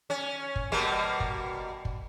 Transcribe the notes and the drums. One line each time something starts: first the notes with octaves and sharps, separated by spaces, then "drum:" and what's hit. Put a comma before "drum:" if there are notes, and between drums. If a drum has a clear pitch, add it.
C#4
drum: kick
B2 G3 A#3
drum: kick
drum: kick